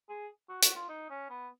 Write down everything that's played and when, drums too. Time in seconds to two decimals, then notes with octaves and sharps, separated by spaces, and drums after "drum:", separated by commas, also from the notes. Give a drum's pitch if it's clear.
0.09 G#4
0.49 F#4
0.62 F#4, drum: hi-hat
0.75 F4
0.89 D#4
1.10 C#4
1.30 B3